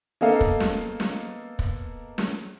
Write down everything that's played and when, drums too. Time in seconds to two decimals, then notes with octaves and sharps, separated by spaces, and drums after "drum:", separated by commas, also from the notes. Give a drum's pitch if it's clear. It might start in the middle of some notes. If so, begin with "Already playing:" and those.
0.21 A#3 B3 A4 D#5 F5
0.41 drum: kick
0.60 drum: snare
1.00 drum: snare
1.59 drum: kick
2.18 drum: snare